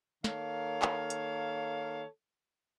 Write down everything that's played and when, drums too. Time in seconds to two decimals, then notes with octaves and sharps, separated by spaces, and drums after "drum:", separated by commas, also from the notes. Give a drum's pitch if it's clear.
0.24 D#3 A#3 A4 C#5 F5, drum: snare
0.82 drum: clap
1.10 drum: hi-hat